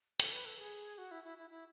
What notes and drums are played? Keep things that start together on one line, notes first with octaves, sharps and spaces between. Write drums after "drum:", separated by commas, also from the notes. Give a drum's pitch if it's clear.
A4, drum: hi-hat
B4
A4
G#4
F#4
E4
E4
E4
E4